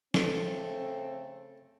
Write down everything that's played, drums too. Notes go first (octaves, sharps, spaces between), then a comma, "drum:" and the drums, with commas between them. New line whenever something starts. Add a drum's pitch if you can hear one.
C#3 A3 C4 A4, drum: snare